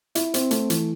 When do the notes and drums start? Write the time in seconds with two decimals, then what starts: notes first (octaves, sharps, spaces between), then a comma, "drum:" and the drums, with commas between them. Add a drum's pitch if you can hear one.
0.15 E4, drum: hi-hat
0.34 C4, drum: hi-hat
0.51 A3, drum: hi-hat
0.70 E3, drum: hi-hat